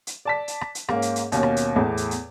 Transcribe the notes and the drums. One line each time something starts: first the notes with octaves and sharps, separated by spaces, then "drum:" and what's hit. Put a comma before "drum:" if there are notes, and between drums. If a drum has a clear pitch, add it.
drum: hi-hat
D5 A5 B6
drum: hi-hat
drum: rim click
drum: hi-hat
G#2 A#3 C#4, drum: rim click
drum: hi-hat
drum: hi-hat
D#2 B2 A#3 C#4, drum: hi-hat
drum: rim click
drum: hi-hat
E2 A2
drum: hi-hat
drum: hi-hat